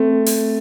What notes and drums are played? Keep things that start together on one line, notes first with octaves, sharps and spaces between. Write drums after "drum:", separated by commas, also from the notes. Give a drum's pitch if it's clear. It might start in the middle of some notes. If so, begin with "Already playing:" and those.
Already playing: A3 C4
drum: open hi-hat